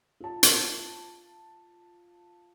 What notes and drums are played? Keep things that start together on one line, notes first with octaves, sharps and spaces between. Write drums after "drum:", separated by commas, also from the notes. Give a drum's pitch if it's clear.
F4 A5
drum: hi-hat